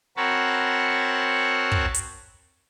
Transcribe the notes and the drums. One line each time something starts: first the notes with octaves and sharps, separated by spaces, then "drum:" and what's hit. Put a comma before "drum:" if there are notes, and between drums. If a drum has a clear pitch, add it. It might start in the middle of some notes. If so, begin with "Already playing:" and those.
C4 F#4 A#4 C#5 A5 B5
drum: kick
drum: hi-hat